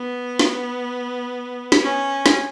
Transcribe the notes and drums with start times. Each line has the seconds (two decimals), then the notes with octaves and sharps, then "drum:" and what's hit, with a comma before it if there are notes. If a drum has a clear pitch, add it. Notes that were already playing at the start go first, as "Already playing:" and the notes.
Already playing: B3
0.39 drum: snare
1.72 drum: snare
1.82 C#4
2.26 drum: snare